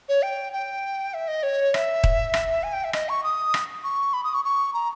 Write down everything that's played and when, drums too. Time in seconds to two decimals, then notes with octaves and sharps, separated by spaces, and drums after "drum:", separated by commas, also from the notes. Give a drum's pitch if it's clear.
0.09 C#5
0.23 G5
0.53 G5
1.14 E5
1.28 D#5
1.43 C#5
1.74 E5, drum: rim click
2.04 drum: kick D#1
2.34 drum: rim click
2.63 G#5
2.73 G5
2.84 E5
2.93 D#5, drum: rim click
3.09 C#6
3.24 D#6
3.54 drum: rim click
3.84 C#6
4.13 B5
4.24 D#6
4.34 C#6
4.45 C#6
4.73 A#5